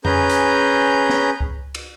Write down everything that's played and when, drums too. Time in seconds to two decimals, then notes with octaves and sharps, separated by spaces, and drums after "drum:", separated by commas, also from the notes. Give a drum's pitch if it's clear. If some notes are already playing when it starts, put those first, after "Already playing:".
0.05 C#4 G#4 B4 A#5 G6, drum: tom F2
0.30 drum: hi-hat
1.09 drum: snare
1.40 drum: kick C#2
1.75 drum: cymbal